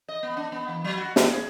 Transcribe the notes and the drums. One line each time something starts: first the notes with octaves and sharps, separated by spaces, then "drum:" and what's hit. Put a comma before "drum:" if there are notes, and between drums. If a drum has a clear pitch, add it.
D#5
B3
D4
B3
E3
F#3
F#4
D4, drum: snare
G#4